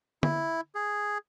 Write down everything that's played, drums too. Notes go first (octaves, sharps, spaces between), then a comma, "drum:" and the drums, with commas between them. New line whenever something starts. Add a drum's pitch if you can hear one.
E4, drum: tom
G#4